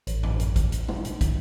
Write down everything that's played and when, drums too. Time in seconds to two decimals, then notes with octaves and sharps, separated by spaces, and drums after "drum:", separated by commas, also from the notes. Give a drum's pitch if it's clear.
0.07 A1, drum: hi-hat
0.23 drum: tom F#2
0.40 drum: hi-hat
0.56 drum: kick, hi-hat
0.72 drum: hi-hat
0.88 drum: tom
1.05 drum: hi-hat
1.21 drum: kick, hi-hat